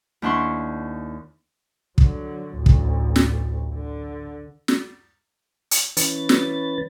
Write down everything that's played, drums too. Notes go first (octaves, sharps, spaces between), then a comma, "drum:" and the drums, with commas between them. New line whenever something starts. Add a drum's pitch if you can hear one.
D#2 D4 E4 F#5 C6 C#6
D3 F#3, drum: kick
A1 D2
drum: kick
drum: snare
D3
drum: snare
drum: hi-hat
E3 C#4 B4 A6, drum: hi-hat
drum: snare